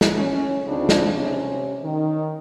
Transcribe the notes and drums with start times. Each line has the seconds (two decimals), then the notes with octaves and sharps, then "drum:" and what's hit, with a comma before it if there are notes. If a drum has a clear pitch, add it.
0.01 drum: snare
0.17 C#4
0.67 D2 C#3 C4 D4 D#4 F4
0.89 drum: snare
1.13 C3 C#4
1.84 D#3